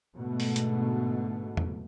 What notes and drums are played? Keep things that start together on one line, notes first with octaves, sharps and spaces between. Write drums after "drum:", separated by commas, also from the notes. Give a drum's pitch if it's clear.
G#2 B2 D3 A3
drum: open hi-hat
drum: hi-hat
drum: tom